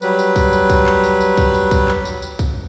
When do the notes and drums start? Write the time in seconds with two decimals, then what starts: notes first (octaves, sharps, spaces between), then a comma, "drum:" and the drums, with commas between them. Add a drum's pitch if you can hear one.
0.02 F#3 G3 B4, drum: tambourine
0.19 drum: tambourine
0.36 drum: kick, tambourine
0.53 drum: tambourine
0.70 drum: kick, tambourine
0.87 drum: clap
1.04 drum: tambourine
1.20 drum: tambourine
1.37 drum: kick, tambourine
1.54 drum: tambourine
1.71 drum: kick, tambourine
1.88 drum: clap
2.05 drum: tambourine
2.22 drum: tambourine
2.39 drum: kick, tambourine